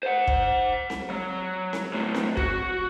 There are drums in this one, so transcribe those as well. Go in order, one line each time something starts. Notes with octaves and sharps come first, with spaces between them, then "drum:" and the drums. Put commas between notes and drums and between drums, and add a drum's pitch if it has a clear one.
C5 F#5
drum: kick
drum: snare C4
F#3
drum: snare C4
A2 F#3
drum: snare C4
F#4, drum: kick